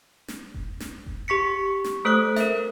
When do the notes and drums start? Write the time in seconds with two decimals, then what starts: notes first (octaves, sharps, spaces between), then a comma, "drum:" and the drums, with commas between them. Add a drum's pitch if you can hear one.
0.28 drum: snare
0.54 drum: kick F1
0.80 drum: snare
1.06 drum: kick F1
1.28 G4 C#6 B6 C#7
1.84 drum: snare
2.05 A3 A4 C5 D#6 F#6
2.36 A#4 E5, drum: snare